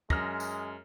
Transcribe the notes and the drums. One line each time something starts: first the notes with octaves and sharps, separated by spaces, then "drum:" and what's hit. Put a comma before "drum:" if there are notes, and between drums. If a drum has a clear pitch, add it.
F#2 G#3 F6 A#6, drum: kick
drum: tambourine